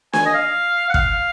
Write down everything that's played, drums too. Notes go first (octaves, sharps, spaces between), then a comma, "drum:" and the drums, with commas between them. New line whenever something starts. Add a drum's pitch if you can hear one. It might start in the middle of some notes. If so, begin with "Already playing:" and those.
G#5, drum: snare
D#5
F5
F#5
F5, drum: kick